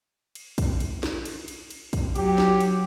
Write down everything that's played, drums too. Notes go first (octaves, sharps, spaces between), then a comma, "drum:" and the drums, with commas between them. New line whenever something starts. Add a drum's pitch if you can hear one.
drum: cymbal
drum: kick, cymbal
drum: cymbal
drum: snare
drum: cymbal
drum: cymbal
drum: cymbal
drum: kick, cymbal
F#3 G4, drum: cymbal
drum: snare
drum: cymbal